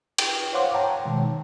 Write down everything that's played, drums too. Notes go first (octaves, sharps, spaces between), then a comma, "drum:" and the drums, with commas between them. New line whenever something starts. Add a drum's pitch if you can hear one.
G5, drum: cymbal
C5 C#5 F5 F#5 C6 D6
C#5 G5 A5 A#5
B2 D#3 G#3